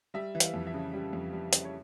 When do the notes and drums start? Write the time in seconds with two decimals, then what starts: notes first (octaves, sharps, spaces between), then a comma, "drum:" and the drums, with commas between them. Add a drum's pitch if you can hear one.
0.14 G3 E5
0.35 E3
0.40 F5, drum: hi-hat
0.54 F2
0.67 E5
0.73 C#3
0.94 G3
1.13 F2
1.33 G3
1.53 C#3, drum: hi-hat
1.65 C#5